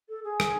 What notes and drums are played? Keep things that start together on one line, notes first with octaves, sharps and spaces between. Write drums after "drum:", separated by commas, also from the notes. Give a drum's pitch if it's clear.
A4
G#4
drum: rim click